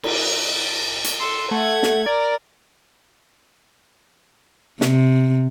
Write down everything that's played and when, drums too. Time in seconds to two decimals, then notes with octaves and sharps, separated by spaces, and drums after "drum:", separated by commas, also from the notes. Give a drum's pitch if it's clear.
0.03 drum: cymbal
1.04 drum: hi-hat
1.19 A4 C6
1.51 A3 F#5 G#6
1.83 drum: snare
2.06 A#4 D5
4.81 C3, drum: snare